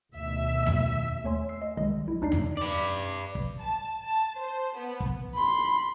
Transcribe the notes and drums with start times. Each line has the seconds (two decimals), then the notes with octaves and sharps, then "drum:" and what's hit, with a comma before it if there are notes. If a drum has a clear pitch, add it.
0.15 D2 B2 D#3 E5
0.67 drum: tom E2
1.24 D#2 A3 C#5 G#5 C6
1.49 E6 C7
1.62 D#5
1.77 C2 D#3 G3 G#3 D#5
2.06 A#1 E4
2.21 D#2 D4 D#4 D5 C7
2.32 drum: tom E2
2.58 B4 D5
3.35 drum: kick
3.60 A5
4.02 A5
4.37 C5
4.76 B3
5.00 drum: kick
5.35 B5 C6